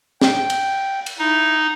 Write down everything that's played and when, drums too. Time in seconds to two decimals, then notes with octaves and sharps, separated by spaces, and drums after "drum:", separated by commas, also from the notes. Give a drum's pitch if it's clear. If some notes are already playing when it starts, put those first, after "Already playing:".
0.21 G5, drum: snare
0.50 drum: cymbal
1.06 drum: cymbal
1.19 D#4 E4